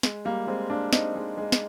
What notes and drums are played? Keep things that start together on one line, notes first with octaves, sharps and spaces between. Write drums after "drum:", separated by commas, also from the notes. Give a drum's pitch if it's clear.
G#3, drum: snare
G3 A#3
G#3 C4
A#3 D4
C4 D#4, drum: snare
G#3
G#3
drum: snare